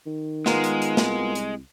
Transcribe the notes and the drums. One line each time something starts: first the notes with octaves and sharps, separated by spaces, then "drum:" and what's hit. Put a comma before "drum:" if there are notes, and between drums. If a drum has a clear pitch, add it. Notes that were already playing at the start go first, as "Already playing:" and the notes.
D#3
G#3 B3 F4 A#4, drum: snare
drum: hi-hat
drum: hi-hat
C2, drum: snare
drum: hi-hat